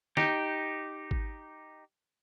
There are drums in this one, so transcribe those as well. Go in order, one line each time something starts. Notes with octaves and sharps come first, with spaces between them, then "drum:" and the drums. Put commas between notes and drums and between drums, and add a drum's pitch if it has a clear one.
D#4 G4, drum: snare
drum: kick G#1